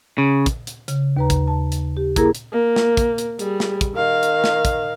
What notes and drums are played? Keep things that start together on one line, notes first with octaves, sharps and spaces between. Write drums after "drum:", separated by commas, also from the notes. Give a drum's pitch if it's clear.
C#3
drum: kick, hi-hat
drum: hi-hat
C#3, drum: hi-hat
D#2 B4 A#5
drum: kick, hi-hat
A5
drum: hi-hat
G4
A#3 E4 G#4 A#4 A#5, drum: kick, hi-hat
drum: hi-hat
A#3
drum: snare
drum: kick, hi-hat
drum: hi-hat
G3 G#4, drum: hi-hat
drum: snare
drum: kick, hi-hat
D#3 F5
drum: hi-hat
drum: snare
drum: kick, hi-hat